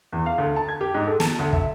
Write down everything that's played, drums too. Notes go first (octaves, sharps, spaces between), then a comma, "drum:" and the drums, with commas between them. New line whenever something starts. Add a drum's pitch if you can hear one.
E2
F5
D2
A5
G#6
G4
G#2
A4
A5, drum: snare
D2
E5, drum: kick